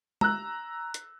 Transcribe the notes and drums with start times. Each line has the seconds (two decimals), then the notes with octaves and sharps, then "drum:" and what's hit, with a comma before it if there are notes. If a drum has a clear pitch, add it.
0.21 A#5 E6 F#6, drum: tom
0.94 drum: hi-hat